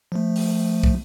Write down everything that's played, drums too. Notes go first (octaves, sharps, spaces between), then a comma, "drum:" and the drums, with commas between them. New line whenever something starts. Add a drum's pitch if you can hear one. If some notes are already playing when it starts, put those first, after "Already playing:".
F3 A3
drum: open hi-hat
drum: kick